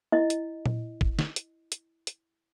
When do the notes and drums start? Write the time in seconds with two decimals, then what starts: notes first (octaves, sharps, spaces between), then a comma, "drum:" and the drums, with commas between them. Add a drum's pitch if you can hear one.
0.12 E4 D#5
0.30 drum: hi-hat
0.66 drum: tom A#2
1.01 drum: kick
1.19 drum: snare
1.36 drum: hi-hat
1.72 drum: hi-hat
2.07 drum: hi-hat